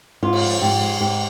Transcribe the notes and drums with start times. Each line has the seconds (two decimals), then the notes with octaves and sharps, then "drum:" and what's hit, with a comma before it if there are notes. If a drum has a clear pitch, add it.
0.23 G#2 F4
0.33 drum: cymbal
0.42 F3
0.61 G#2 G4
0.81 G#3
1.00 G#2 G4